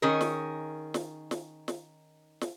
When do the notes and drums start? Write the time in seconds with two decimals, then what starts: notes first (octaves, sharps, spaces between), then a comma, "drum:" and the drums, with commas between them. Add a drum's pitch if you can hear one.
0.02 D#3 C#4 G#4 A#4
0.21 drum: snare
0.94 drum: snare
1.31 drum: snare
1.68 drum: snare
2.41 drum: snare